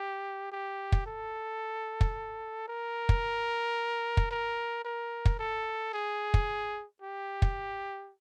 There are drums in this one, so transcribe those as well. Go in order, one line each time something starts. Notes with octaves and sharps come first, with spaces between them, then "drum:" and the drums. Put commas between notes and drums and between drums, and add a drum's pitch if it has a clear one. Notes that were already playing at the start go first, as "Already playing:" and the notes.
Already playing: G4
G4
drum: kick
A4
drum: kick
A#4
drum: kick
drum: kick
A#4
A#4
drum: kick
A4
G#4
drum: kick
G4
drum: kick